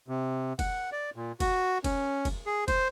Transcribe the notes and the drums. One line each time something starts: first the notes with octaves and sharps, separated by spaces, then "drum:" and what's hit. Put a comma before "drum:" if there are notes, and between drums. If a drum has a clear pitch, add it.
C3
F#5, drum: kick, cymbal
D5
A#2
F#4, drum: kick, cymbal
C#4, drum: kick, cymbal
drum: kick, cymbal
G#4
C5, drum: kick, cymbal